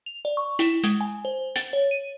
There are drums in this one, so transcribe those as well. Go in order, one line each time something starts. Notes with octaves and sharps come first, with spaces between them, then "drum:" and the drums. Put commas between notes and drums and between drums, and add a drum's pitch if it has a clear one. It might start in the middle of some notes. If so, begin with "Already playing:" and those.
F7
D5
C#6
E4, drum: hi-hat
G#3, drum: hi-hat
G#5
C5
A6, drum: hi-hat
C#5
D#7